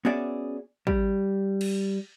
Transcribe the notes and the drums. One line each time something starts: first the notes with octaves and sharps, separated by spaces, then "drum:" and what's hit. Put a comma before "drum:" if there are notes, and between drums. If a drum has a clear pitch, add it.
B3 C#4 F#4 G#4 D5 E5
G3, drum: kick
drum: cymbal